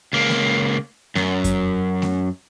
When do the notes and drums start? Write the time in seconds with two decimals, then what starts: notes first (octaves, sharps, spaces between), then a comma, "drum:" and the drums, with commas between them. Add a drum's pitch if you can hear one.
0.13 C#2 A#3
0.29 drum: snare A3
1.15 F#2, drum: snare A3
1.44 drum: kick F2, hi-hat
2.02 drum: snare A3